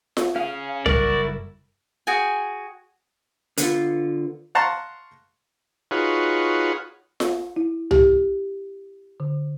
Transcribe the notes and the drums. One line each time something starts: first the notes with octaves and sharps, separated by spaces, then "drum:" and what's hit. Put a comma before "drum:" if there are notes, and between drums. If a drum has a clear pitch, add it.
drum: snare F4
C#4 G#4 F5
F#1 G3 E4 F#4 A#4 D5, drum: tom C2
F#4 G#4 G5 G#5
D3 B3 F4, drum: hi-hat
F5 F#5 A5 A#5 C6 C#6
D#4 F4 F#4 G#4 B4 C#5
drum: snare F4
E4
G4, drum: tom C2
D3